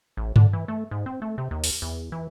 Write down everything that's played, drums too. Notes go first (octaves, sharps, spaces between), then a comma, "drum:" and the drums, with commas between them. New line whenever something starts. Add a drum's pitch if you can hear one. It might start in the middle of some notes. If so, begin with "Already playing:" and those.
A1
D3, drum: tom G2
E3
A3
G#2
C4
A3
C3
D#2
drum: open hi-hat
E2
E3